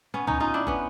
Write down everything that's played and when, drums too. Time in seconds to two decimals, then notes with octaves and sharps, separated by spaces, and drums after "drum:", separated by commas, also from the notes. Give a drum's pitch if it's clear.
0.14 B3 C#4
0.27 C#4 D#4, drum: tom
0.40 D#4 F4
0.54 D4 E4
0.67 B3 C#4, drum: kick